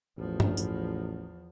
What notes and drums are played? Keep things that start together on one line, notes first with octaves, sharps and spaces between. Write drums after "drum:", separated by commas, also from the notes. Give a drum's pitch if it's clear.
A1 E2 F3
drum: tom
drum: tambourine